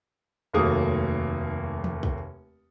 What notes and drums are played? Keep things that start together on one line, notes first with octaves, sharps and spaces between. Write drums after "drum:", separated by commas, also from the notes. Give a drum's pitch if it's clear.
F1 D#2 F#3 A3 A#3 D#6
drum: tom E3
drum: kick